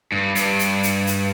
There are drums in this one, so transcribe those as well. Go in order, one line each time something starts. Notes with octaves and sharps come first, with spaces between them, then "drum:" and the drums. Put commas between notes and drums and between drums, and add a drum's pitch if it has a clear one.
G2
G2, drum: hi-hat
drum: hi-hat
drum: hi-hat
drum: hi-hat